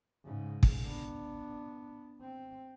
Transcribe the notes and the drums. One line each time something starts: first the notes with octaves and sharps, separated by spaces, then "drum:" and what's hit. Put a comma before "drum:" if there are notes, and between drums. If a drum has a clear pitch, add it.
G#2 C#3
drum: kick
B3 D4
C4